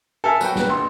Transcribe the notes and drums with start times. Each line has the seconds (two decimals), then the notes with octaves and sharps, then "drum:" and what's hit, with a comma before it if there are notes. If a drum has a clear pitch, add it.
0.24 A4 A#4 E5 G#5
0.41 F#3 B3 F#4 G5, drum: tambourine
0.56 A#1 B4, drum: snare
0.69 G#1 C6